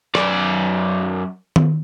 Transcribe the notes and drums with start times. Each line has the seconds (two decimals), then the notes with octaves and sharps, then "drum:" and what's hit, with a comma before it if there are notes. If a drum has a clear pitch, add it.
0.15 F#2 D5, drum: rim click
1.56 drum: tom D#3